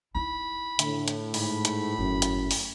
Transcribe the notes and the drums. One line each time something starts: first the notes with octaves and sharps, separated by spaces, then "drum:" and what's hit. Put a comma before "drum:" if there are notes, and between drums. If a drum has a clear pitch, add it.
D#4 E4 B5
A2 D3, drum: hi-hat
drum: hi-hat
G#2 B5, drum: open hi-hat
drum: hi-hat
G1 F#2
drum: hi-hat
drum: open hi-hat